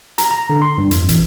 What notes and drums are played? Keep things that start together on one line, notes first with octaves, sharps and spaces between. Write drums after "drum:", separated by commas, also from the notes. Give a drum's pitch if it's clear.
A#5, drum: hi-hat
A#5
D3
C6
G2
F2, drum: hi-hat
A1, drum: hi-hat